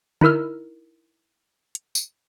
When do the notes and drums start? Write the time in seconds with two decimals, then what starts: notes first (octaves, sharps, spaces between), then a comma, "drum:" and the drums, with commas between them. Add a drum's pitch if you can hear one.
0.21 D#4 E4 A#4 E6 F6, drum: tom D3
1.75 drum: hi-hat
1.95 drum: tambourine